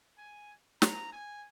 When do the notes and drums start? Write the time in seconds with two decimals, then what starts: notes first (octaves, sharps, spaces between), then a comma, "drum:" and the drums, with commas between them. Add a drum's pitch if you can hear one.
0.18 G#5
0.82 A#5, drum: snare
1.12 G#5